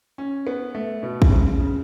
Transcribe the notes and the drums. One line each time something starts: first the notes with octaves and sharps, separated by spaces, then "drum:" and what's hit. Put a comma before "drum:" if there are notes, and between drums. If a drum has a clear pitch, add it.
C#4
B3
A3
B2
B2, drum: kick
C#3
C#3